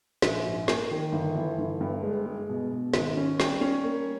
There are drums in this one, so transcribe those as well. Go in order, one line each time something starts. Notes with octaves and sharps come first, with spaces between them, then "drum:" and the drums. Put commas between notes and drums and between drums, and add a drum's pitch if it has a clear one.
A#1, drum: snare
G#2
A#3, drum: snare
D#3
G1
E3
G1
G2
G#3
G#3
B2
B2
G#1, drum: snare
C#4
G3, drum: snare
C#4
A#3